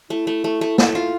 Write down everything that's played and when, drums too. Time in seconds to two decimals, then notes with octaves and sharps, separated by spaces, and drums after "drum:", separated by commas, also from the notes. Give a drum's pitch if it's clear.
0.10 A3 E4
0.27 A3
0.44 A3
0.61 A3
0.78 A3, drum: snare
0.95 F4